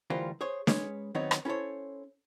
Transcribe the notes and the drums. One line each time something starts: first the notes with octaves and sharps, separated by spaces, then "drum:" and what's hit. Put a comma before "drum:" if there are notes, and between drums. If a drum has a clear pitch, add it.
D2 E3 G3 F4 A#4 C5
G#4 C5 C#5
G#3 C#4 G#4 B4 C#5, drum: snare
D#3 F#3 B3 C4 D#4 C#5
drum: rim click
C#4 E4 A4 C5 C#5